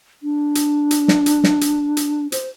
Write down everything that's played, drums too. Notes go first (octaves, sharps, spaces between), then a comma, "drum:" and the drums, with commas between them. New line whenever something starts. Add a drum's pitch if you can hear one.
D4
drum: hi-hat
drum: hi-hat
drum: snare
drum: hi-hat
drum: snare
drum: hi-hat
drum: hi-hat
C5, drum: hi-hat